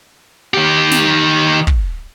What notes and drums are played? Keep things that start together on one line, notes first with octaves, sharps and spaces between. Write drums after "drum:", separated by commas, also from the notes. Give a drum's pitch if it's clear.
D#3 G4
drum: snare
drum: kick